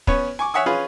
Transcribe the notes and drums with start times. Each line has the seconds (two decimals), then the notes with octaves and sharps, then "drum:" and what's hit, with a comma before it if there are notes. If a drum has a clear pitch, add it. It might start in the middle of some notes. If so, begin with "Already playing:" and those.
0.07 B3 C#4 C#5, drum: kick
0.39 G#5 C#6 D6
0.54 C#5 E5 F#5 G#5 D#6
0.66 C#4 F4 G#4 B4